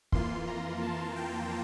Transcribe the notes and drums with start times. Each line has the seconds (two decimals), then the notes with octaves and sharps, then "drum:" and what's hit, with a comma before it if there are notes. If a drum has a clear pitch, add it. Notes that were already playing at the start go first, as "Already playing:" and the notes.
0.12 F2 E3 A#3 F4 C6, drum: kick
0.47 A#5
0.82 A5
1.16 G5